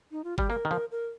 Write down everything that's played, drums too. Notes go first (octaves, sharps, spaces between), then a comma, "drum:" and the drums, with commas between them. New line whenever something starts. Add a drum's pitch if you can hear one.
D#4
F4
G3 G4, drum: kick G1
A#3 A#4
D#3
F3 A#4
A#4